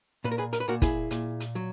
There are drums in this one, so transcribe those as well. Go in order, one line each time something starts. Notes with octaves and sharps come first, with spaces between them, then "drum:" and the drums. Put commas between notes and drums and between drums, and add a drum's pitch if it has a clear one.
A#2 B4
A#4
G#4 B4
A#4, drum: hi-hat
B4
A#2 F#4 A#4
E4 G#4, drum: kick, hi-hat
A#2, drum: hi-hat
drum: hi-hat
F#3